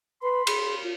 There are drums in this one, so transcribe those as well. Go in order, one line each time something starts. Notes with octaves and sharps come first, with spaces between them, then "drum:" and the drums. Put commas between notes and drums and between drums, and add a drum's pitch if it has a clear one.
B4 B5 C6
G#4, drum: cymbal
F4